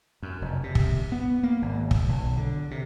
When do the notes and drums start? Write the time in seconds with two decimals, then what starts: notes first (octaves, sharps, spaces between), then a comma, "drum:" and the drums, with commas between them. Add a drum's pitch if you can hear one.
0.23 F#2
0.41 F1
0.64 C3
0.75 drum: kick
1.12 B3
1.43 A#3
1.62 G#1
1.91 drum: kick
2.09 B1
2.37 D3
2.71 C3